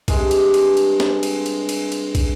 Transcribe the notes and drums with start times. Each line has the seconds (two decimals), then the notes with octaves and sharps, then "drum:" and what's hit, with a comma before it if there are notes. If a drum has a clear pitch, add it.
0.08 G2 C3 G#3, drum: kick, cymbal
0.31 drum: cymbal
0.54 drum: cymbal
0.77 drum: cymbal
1.00 drum: snare
1.23 drum: cymbal
1.46 drum: cymbal
1.69 drum: cymbal
1.92 drum: cymbal
2.15 drum: kick, cymbal